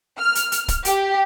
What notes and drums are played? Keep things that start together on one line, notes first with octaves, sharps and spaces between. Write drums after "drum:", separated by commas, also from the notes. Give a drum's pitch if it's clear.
F6
drum: hi-hat
drum: hi-hat
drum: kick, hi-hat
G4, drum: hi-hat